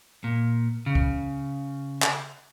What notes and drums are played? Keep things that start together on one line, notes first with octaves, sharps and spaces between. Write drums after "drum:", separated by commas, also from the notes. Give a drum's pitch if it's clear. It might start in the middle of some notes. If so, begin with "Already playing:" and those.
A#2
C#3
drum: kick C#2
drum: clap